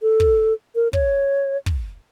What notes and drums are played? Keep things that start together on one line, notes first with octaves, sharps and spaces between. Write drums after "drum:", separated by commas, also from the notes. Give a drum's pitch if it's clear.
A4
drum: kick
A#4
C#5, drum: kick
drum: kick